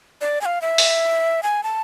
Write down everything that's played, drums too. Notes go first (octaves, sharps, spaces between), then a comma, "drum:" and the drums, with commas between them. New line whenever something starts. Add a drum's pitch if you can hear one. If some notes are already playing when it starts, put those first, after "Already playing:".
D5
G#5
F5
E5
drum: open hi-hat
G#5
A5